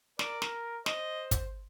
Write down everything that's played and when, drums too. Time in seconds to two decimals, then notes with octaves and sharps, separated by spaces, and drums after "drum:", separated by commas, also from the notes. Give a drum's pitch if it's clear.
0.19 A#4 D5, drum: snare
0.42 drum: snare
0.86 C5 D#5, drum: snare
1.31 drum: kick, hi-hat